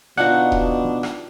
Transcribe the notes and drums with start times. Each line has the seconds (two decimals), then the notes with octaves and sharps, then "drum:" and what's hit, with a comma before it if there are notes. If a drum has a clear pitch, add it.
0.18 B2 D4 D#4 F4 F#4 F#5
0.52 drum: kick D#1
1.03 drum: rim click